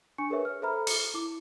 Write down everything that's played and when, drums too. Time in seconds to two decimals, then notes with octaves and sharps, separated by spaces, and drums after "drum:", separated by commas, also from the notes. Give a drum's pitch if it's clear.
0.18 D4 G#5 C#6 C#7
0.30 G#4 A#4 B4 C#5 E5
0.45 F6
0.62 A4 C5 E5 A#5 B5 F6
0.87 C#7, drum: open hi-hat
1.14 E4 D6